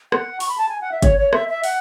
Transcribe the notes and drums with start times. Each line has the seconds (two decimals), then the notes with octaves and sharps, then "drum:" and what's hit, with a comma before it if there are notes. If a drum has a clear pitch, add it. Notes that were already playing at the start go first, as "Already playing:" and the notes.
0.12 F#5, drum: rim click
0.40 C#6, drum: open hi-hat
0.49 B5
0.58 A5
0.69 G#5
0.81 F#5
0.92 E5
1.02 C#5, drum: kick, hi-hat
1.18 C#5
1.33 E5, drum: rim click
1.49 E5
1.64 F#5, drum: open hi-hat